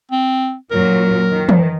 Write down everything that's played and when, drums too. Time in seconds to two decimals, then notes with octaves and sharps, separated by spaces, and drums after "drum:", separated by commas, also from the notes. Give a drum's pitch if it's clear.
0.11 C4
0.71 F#2 A#2 F#3 A#4
1.30 D#3
1.49 drum: tom E3